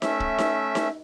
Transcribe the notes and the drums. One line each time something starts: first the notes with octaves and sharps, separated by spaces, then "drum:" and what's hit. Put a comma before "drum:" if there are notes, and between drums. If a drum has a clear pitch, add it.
A3 C#4 E5, drum: snare D#4
drum: kick
drum: snare D#4
drum: snare D#4